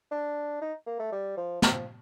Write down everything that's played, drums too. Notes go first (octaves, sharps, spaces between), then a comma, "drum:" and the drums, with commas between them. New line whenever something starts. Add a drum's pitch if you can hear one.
D4
D#4
A#3
A3
G3
F3
F3, drum: snare